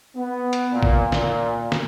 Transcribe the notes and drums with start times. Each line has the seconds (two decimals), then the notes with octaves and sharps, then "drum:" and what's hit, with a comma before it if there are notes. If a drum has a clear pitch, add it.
0.16 B3
0.53 drum: hi-hat
0.72 A#2
0.83 drum: kick A#1
1.12 A#2, drum: snare
1.72 drum: snare